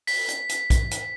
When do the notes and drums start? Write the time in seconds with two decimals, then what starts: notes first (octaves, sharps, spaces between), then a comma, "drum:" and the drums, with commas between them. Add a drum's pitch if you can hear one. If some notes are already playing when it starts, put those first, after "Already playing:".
0.07 B6, drum: open hi-hat
0.28 drum: hi-hat
0.49 drum: hi-hat
0.70 drum: kick, hi-hat
0.91 drum: hi-hat